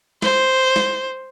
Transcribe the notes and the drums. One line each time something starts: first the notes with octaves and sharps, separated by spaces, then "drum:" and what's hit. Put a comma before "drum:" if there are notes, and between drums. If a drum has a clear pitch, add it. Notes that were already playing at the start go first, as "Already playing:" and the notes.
C5, drum: snare
drum: snare